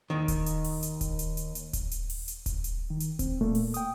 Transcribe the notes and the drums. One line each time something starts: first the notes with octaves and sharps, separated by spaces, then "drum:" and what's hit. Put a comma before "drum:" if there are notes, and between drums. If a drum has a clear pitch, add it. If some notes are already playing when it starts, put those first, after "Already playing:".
D#2 D#3
drum: kick D#1, hi-hat
drum: hi-hat
drum: open hi-hat
drum: hi-hat
drum: kick D#1, hi-hat
drum: hi-hat
drum: hi-hat
drum: hi-hat
drum: kick D#1, hi-hat
drum: hi-hat
drum: open hi-hat
drum: hi-hat
drum: kick D#1, hi-hat
drum: hi-hat
D#3
drum: hi-hat
C4, drum: kick D#1, hi-hat
A#2 A3 A#3
drum: open hi-hat
G5 D#6, drum: hi-hat